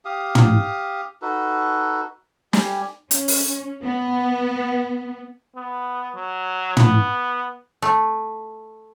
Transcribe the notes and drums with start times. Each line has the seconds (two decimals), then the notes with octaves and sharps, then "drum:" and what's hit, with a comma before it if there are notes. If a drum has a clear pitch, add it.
0.05 G4 F5 D#6
0.35 drum: tom
1.22 D#4 F#4 A4 B4
2.53 G3 G4 G#5, drum: snare
3.11 C#4, drum: hi-hat
3.28 drum: open hi-hat
3.83 B3
5.55 B3
6.15 F#3
6.77 B3, drum: tom
7.82 A3